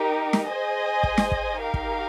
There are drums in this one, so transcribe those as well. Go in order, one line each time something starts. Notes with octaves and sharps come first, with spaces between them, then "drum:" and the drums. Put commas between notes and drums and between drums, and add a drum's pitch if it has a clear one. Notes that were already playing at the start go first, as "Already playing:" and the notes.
Already playing: D#4 G4 A#4
drum: snare
G#4 C5 D#5 G#5
drum: kick
drum: snare
drum: kick
D#4 G4 A#4 F5
drum: kick